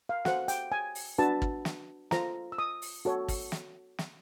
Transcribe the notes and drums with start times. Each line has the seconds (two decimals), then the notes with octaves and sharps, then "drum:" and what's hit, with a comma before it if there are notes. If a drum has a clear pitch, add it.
0.09 F5
0.25 F#4 A4 C5 F#5, drum: snare
0.48 G5, drum: hi-hat
0.72 G#5
0.95 drum: open hi-hat
1.18 D4 F#4 B4 A5
1.42 drum: kick
1.65 drum: snare
2.11 F4 A4 C5 A#5, drum: snare
2.52 E6
2.58 D#6
2.82 drum: open hi-hat
3.05 F#4 A4 C#5
3.28 drum: kick, open hi-hat
3.52 drum: snare
3.98 drum: snare